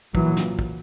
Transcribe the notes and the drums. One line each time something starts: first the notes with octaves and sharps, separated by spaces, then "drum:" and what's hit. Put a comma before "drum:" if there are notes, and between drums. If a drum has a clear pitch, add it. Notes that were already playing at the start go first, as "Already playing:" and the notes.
A#2 E3 F#3, drum: kick
drum: snare
drum: kick